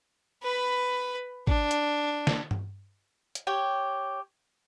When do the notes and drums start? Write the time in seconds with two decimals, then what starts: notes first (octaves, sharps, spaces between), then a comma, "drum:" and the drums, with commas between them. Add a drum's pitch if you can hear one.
0.43 B4 B5
1.47 D4, drum: kick
1.71 drum: hi-hat
2.27 drum: snare
2.51 drum: tom G2
3.35 drum: hi-hat
3.47 G4 C#5 G5